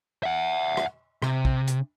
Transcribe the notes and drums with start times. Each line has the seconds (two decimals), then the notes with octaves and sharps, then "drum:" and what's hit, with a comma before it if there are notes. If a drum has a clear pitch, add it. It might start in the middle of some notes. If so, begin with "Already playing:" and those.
0.23 E5 F#5
0.77 drum: rim click
1.22 C3, drum: rim click
1.45 drum: kick
1.67 drum: hi-hat